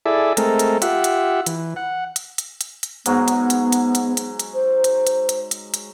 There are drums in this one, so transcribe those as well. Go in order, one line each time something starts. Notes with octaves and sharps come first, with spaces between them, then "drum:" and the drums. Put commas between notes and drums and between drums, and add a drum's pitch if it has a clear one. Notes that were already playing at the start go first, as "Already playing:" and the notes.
E4 G#4 A4 D5 E5
G#3 A3 C4 A4 A#4, drum: hi-hat
drum: hi-hat
F4 G4 E5 F#5, drum: hi-hat
drum: hi-hat
E3, drum: hi-hat
F#5
drum: hi-hat
drum: hi-hat
drum: hi-hat
drum: hi-hat
G#2 F#3 G#3 B3, drum: hi-hat
drum: hi-hat
drum: hi-hat
drum: hi-hat
drum: hi-hat
drum: hi-hat
drum: hi-hat
C5
drum: hi-hat
drum: hi-hat
drum: hi-hat
drum: hi-hat
drum: hi-hat